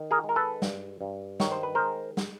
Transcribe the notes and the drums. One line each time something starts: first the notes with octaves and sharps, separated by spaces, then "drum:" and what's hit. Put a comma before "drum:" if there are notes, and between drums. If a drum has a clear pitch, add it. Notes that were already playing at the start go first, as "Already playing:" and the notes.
Already playing: D#3
G#4 A#4
G#3
A#4
A4 B4
G2, drum: snare
G2
D#3 C#5, drum: snare
C5
B4
G#3 A#4 C5
drum: snare